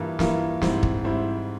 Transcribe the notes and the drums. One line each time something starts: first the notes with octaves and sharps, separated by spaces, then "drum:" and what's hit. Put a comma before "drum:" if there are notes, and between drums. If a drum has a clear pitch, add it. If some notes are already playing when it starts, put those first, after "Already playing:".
Already playing: G2 E3 A#3 F4 A#4
G2 E3 A#3 F4 A#4, drum: snare
G#2 G3 C4 E4, drum: snare
drum: kick
G#2 G3 C4 E4